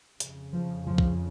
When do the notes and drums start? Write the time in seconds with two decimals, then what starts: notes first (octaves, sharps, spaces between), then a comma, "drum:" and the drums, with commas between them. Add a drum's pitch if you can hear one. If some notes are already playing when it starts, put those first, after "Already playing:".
0.20 F2 C#3, drum: hi-hat
0.53 F3
0.86 F3
0.98 drum: kick